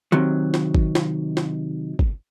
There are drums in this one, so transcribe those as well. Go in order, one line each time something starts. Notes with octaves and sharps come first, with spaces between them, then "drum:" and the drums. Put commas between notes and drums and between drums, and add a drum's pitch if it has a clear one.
C3 D#3 F#3
drum: snare
drum: kick
drum: snare
drum: snare
drum: kick